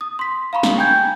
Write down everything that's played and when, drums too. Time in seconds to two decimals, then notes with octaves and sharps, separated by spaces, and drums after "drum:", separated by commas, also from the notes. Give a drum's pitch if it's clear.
0.01 D#6
0.19 C6 B6
0.53 F5 A#5 B5 C#6
0.63 drum: snare
0.78 G5 G#5 G6 G#6